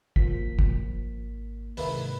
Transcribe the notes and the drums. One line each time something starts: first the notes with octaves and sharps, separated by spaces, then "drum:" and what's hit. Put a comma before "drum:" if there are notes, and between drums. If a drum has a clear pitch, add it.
G#1 F3 A#3 B6, drum: kick
drum: kick
G#2 C3 D#3 G#3 A#3 E4 B4, drum: open hi-hat